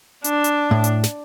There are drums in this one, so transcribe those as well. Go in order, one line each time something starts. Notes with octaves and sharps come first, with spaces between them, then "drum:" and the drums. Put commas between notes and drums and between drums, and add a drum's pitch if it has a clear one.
D4, drum: hi-hat
drum: hi-hat
A2
drum: hi-hat
drum: snare